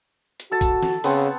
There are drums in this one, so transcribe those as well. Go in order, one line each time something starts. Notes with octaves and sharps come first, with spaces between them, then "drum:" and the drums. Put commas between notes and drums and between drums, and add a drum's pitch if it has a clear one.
drum: hi-hat
F#4 A4 A5
drum: kick, hi-hat
drum: snare
C#3 B3 C4 F#5, drum: open hi-hat